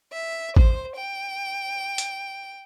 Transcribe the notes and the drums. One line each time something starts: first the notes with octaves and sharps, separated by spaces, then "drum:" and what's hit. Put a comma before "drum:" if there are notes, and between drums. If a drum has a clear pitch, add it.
E5
C5, drum: kick A1
G5
drum: hi-hat